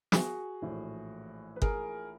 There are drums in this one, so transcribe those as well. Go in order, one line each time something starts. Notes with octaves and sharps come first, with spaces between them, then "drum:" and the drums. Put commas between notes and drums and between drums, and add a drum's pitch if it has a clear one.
F#4 G#4, drum: snare
A#1 A2 E3
B4
G#4 A#4, drum: kick G1